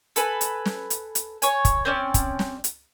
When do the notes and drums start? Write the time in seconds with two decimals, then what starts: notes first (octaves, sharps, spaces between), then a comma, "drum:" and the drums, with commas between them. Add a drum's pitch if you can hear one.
0.16 A4 B4 G#5, drum: hi-hat
0.41 drum: hi-hat
0.65 drum: snare
0.90 drum: hi-hat
1.15 drum: hi-hat
1.42 C#5 G#5, drum: hi-hat
1.65 drum: kick, hi-hat
1.85 C4 C#4 D5
2.14 drum: kick, hi-hat
2.39 drum: snare
2.64 drum: hi-hat